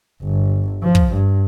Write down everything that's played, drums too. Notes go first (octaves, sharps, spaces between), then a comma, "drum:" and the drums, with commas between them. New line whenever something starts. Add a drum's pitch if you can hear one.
G1
F3
drum: kick
G2